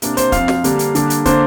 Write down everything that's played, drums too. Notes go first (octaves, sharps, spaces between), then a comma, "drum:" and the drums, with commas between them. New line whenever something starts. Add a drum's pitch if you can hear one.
C3 A#3 D4, drum: hi-hat
C5, drum: hi-hat
F2 F3 C4 F5, drum: kick, hi-hat
drum: snare
D3 G3 A#3 D4, drum: hi-hat
drum: hi-hat
D3 G3 A#3 D4, drum: hi-hat
drum: hi-hat
D3 A#3 D4 C5, drum: kick, hi-hat